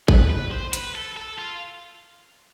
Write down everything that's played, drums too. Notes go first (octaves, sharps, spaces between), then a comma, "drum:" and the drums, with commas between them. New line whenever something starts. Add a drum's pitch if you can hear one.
B4, drum: kick G#1
B4
C5
B4, drum: hi-hat
A4
A4
F4